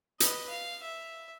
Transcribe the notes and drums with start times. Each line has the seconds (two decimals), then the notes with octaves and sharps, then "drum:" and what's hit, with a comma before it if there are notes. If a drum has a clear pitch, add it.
0.20 B4 D#5, drum: hi-hat
0.49 F5
0.83 E5